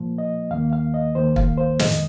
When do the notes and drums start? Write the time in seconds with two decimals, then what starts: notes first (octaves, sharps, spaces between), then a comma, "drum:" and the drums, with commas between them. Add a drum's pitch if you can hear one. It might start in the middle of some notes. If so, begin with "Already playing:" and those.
Already playing: A#2 F3 A#3
0.18 D#5
0.51 D#2 D#3 A#3 F5
0.73 F5
0.94 D#5
1.15 D#2 D#3 A#3 C5
1.36 F5, drum: kick
1.58 C5
1.79 F2 D#3 G#3 D#5, drum: snare